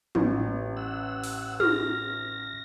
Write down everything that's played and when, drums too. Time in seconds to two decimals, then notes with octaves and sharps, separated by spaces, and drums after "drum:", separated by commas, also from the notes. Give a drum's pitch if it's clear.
0.15 A1, drum: tom
0.77 F#5 E6
1.24 drum: open hi-hat
1.60 F6 A#6, drum: tom